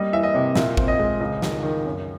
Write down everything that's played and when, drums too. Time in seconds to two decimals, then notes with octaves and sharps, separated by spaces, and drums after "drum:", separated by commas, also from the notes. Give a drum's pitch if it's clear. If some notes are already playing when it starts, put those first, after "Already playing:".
Already playing: G3 A#3 D#5
0.13 E3 E5
0.23 D#5
0.35 C3
0.55 A#2 E5, drum: snare
0.77 C4, drum: kick G#1
0.88 D#5
0.99 G#3
1.21 C#2 D#5
1.42 D#3, drum: snare
1.63 D#3
1.86 F#2